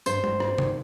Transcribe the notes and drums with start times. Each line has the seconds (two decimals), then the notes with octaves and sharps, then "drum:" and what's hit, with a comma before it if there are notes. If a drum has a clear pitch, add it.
0.06 G2 C5, drum: tambourine
0.24 G3, drum: tom G3
0.40 G2, drum: rim click
0.58 D#3, drum: tom C3